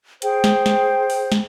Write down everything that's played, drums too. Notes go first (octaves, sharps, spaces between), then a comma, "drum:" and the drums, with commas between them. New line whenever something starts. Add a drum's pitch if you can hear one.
G#4 C5 G5, drum: hi-hat
drum: snare
drum: snare
drum: open hi-hat
drum: snare